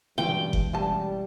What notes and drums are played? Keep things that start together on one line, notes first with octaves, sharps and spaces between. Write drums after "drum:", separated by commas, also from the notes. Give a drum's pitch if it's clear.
G2 B2 E3 F#3 G#3 C#4 F4 G5
drum: kick F#1
G3 A3 C#4 A5